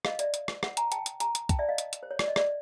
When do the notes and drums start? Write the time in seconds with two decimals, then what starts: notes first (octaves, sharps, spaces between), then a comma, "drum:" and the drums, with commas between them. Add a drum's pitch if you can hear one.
0.05 D#5 F5, drum: rim click
0.19 D5 E5, drum: hi-hat
0.34 drum: hi-hat
0.48 drum: rim click
0.63 E5 F#5, drum: rim click
0.77 G#5 A#5, drum: hi-hat
0.92 G5 A5, drum: hi-hat
1.06 drum: hi-hat
1.20 G#5 A#5, drum: hi-hat
1.35 drum: hi-hat
1.49 G5 A5, drum: kick, hi-hat
1.59 D5 E5
1.69 D#5 F5
1.78 drum: hi-hat
1.93 drum: hi-hat
2.03 C5
2.11 C#5
2.19 D5, drum: rim click
2.28 D#5
2.36 D5 E5, drum: rim click